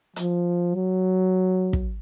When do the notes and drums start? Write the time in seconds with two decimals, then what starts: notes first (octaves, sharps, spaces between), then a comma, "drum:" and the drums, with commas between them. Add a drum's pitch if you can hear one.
0.16 F3, drum: hi-hat
0.75 F#3
1.73 drum: kick